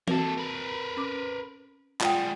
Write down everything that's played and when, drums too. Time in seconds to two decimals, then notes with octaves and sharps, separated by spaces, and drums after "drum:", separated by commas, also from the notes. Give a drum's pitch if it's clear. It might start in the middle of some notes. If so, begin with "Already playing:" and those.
0.08 A#3 C4 F#4 A4, drum: tom E3
0.37 A#4 B4
0.97 C#4 D6
2.01 G3 G#3 F4 F#5 G5, drum: clap